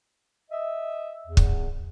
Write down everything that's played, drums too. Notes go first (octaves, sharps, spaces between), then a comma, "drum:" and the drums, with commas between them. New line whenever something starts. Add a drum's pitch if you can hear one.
D#5 E5
E2
drum: kick